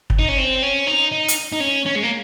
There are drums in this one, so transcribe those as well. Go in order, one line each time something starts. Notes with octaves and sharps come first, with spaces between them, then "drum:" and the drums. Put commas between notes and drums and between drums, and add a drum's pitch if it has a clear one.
drum: kick
D#4
C#4
C4
C#4
D#4
D#4
drum: hi-hat
D#4
C#4
C#4
G#3
A#3